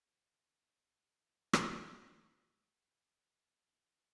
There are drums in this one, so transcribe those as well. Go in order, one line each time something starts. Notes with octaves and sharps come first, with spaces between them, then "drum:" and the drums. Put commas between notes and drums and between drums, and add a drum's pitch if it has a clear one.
G1 G#5 D#6 B6
D#1 B1 E2 C3 D#4 A#6
drum: rim click
C#5 D#5